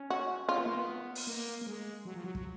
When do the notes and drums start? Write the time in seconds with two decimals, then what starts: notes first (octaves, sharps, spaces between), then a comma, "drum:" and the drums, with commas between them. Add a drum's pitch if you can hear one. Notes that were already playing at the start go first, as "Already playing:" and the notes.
Already playing: C#4
0.10 F#4
0.49 C#4 F4
0.58 B3
0.66 A#3
0.75 B3
1.15 drum: open hi-hat
1.27 A#3
1.62 A#3
1.67 G#3
2.05 F#3
2.14 F3
2.24 F#3
2.35 F#3, drum: kick